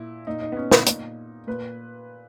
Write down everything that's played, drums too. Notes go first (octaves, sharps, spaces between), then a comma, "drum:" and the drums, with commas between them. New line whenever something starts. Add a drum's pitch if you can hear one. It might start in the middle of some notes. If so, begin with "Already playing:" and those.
Already playing: A#2 E4
A#2 D#4
D#4
B3
C#4
D#4, drum: snare
A#2, drum: hi-hat
A#2 B4